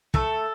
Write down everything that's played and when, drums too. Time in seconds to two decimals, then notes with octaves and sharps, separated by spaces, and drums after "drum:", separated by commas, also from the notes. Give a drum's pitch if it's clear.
0.14 A3 A4, drum: kick